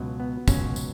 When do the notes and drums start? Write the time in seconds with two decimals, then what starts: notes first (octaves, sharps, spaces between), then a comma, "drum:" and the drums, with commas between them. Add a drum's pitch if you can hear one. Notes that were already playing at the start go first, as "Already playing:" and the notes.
Already playing: C#2 B2 F#3
0.20 B3
0.48 C#2 B2 F#3 C#4, drum: kick, tambourine
0.76 drum: tambourine